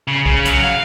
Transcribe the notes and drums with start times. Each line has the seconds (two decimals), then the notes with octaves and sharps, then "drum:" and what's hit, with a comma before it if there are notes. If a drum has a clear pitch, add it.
0.08 C#3
0.26 C#3, drum: kick B1
0.45 F#3, drum: hi-hat
0.64 F5